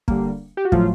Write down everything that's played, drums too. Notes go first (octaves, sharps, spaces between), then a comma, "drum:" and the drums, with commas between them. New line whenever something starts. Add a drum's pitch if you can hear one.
D3 G3 A#3, drum: kick
G4
F#4
A2 F3 F#3 A3 F4, drum: kick